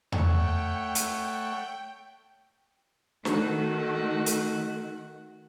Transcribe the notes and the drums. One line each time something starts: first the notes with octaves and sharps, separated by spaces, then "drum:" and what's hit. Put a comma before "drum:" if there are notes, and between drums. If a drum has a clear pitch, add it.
A3 C#5 F#5 G5, drum: tom E2
drum: hi-hat
D#3 A3 F#4, drum: snare
drum: hi-hat